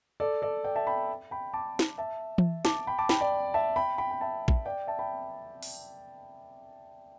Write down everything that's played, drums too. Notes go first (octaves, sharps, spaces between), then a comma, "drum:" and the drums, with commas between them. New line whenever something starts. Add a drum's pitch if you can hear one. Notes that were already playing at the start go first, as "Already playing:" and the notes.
A4 D5
A4 D5
D5 G5
E5 A5
G5 B5
G5 B5
A5 D6
drum: snare
E5 A5
drum: tom E3
A5 D6, drum: snare
G5 B5
A5 D6
G5 B5, drum: snare
D5 G5
E5 A5
G5 B5
G5 B5
G5
E5 A5
drum: kick A#1
D5 G5
E5 A5
G5 B5
drum: open hi-hat